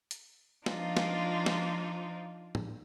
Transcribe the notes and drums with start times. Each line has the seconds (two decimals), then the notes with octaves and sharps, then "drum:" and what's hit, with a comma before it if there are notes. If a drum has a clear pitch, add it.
0.11 drum: hi-hat
0.66 F3 D4 D#4 F4, drum: snare
0.97 drum: snare
1.46 drum: snare
2.55 drum: tom